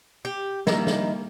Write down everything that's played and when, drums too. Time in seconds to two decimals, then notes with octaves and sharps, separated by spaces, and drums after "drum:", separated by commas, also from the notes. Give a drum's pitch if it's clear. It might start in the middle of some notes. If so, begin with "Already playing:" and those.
0.25 G4
0.67 D#3 G3 A#3 E4, drum: snare
0.87 drum: snare